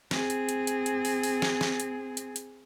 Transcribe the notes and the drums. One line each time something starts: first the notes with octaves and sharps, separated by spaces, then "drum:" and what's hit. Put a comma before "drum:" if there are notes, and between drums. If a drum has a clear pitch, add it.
C4 G#4, drum: snare
drum: hi-hat
drum: hi-hat
drum: hi-hat
drum: hi-hat
drum: open hi-hat
drum: open hi-hat
drum: snare
drum: snare
drum: hi-hat
drum: hi-hat
drum: hi-hat